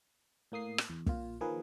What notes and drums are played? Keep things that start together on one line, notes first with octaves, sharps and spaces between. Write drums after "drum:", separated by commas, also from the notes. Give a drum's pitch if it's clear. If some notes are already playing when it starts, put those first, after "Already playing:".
A2 A#3 D#6 C7
drum: rim click
E2
A#2 F4, drum: kick
D#3 F3 A#3 G#4 A#4 B4